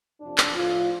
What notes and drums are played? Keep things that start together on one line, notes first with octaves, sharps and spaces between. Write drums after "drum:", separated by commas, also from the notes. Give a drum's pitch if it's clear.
F2 C3 F3 D4
drum: clap
A2 F3 F4